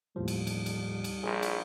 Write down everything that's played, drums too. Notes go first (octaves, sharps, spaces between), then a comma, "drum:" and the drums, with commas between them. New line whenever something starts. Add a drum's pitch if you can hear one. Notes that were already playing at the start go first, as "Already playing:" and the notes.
D#2 A2 F3 G3
drum: cymbal
drum: cymbal
drum: cymbal
drum: cymbal
A#1 G#4
drum: cymbal